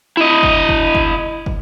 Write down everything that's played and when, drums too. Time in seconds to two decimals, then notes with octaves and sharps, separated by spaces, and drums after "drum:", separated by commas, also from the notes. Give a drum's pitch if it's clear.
0.17 E4 D#5
0.43 drum: kick
0.69 drum: kick
0.95 drum: kick
1.46 drum: kick